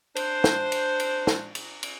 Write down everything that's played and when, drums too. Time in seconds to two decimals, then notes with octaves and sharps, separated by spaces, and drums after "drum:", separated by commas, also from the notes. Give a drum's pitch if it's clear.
0.16 D4 C5, drum: cymbal
0.44 drum: snare
0.72 drum: cymbal
1.00 drum: cymbal
1.27 drum: snare
1.55 drum: cymbal
1.83 drum: cymbal